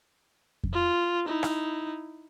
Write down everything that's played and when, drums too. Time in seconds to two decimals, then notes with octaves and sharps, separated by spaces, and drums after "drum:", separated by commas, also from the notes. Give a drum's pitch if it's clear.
0.64 drum: kick F2
0.73 F4
1.26 D#4 E4
1.43 drum: rim click